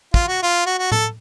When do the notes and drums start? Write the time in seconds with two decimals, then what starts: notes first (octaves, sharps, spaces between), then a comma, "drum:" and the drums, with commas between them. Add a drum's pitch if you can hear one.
0.14 F4, drum: kick
0.28 F#4
0.42 F4
0.66 F#4
0.78 F#4
0.92 A4, drum: tom A2